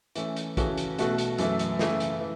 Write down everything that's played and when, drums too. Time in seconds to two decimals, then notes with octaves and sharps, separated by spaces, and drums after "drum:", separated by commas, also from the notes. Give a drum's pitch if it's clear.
0.15 E3 A3 C#4, drum: hi-hat
0.36 drum: hi-hat
0.57 C#3 E3 C#4 F#4 A4, drum: kick, hi-hat
0.77 drum: hi-hat
0.98 B2 A3 F#4 A4, drum: hi-hat
1.18 drum: hi-hat
1.38 F#2 E3 A3 E4, drum: hi-hat
1.59 drum: hi-hat
1.79 C#3 E3 A3 E4, drum: snare
2.00 drum: hi-hat
2.20 E3